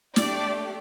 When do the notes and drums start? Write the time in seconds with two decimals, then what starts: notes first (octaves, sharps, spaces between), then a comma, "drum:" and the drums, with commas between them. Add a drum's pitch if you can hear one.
0.16 A3 D4 G4 D5, drum: snare